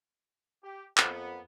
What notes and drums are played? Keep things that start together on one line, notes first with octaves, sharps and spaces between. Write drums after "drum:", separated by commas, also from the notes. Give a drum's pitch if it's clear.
G4
F2 A#3 B3, drum: clap